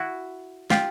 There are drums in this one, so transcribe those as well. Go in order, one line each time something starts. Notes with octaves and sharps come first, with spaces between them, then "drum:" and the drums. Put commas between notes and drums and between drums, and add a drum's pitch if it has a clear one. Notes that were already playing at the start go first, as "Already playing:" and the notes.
Already playing: E4 F#4
F4 G4, drum: snare